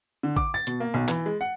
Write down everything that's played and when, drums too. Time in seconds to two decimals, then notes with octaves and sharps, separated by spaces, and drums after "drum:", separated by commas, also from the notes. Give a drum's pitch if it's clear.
0.23 D3
0.36 D6, drum: kick A1
0.54 A6
0.67 B2, drum: hi-hat
0.80 A#3
0.94 B1
1.08 E3, drum: clap
1.26 G#3
1.41 F#5